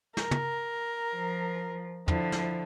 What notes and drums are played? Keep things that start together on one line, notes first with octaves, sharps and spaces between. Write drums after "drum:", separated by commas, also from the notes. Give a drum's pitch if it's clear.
A#4, drum: snare
drum: tom
F3
D3 F3 E4, drum: tom
drum: snare